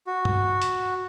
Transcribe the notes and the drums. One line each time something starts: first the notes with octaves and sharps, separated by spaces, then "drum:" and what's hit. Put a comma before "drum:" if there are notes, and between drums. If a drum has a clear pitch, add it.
F#4
drum: tom
drum: hi-hat